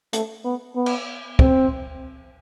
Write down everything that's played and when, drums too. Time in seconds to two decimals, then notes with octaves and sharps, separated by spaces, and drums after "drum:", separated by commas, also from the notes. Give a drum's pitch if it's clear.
0.13 A3, drum: hi-hat
0.45 B3
0.76 B3
0.86 drum: cymbal
1.39 C4, drum: kick